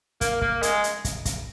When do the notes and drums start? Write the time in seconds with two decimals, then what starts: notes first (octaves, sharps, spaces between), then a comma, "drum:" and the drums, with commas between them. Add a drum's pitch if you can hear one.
0.21 A#3, drum: kick, hi-hat
0.41 A#3, drum: kick
0.63 G#3, drum: hi-hat
0.84 drum: hi-hat
1.05 drum: kick, hi-hat
1.25 drum: kick, hi-hat